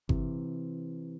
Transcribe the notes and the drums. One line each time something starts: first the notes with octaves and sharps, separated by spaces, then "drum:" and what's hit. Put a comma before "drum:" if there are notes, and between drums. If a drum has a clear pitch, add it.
C3 E3, drum: kick G1